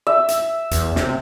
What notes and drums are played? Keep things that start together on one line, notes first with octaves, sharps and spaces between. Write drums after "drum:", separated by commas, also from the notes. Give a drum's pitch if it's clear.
E5
drum: hi-hat
E2, drum: hi-hat
C3, drum: snare